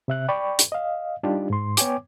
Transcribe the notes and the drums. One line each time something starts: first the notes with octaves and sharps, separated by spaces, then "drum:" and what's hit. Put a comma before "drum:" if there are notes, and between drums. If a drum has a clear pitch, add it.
C3 E5 F#6
D5 G5 B5 C#6
drum: hi-hat
D#5 F5
G3 D4 D#4 F4 G4
G#2 C6
B3 C#5 G5 G#5 D6, drum: hi-hat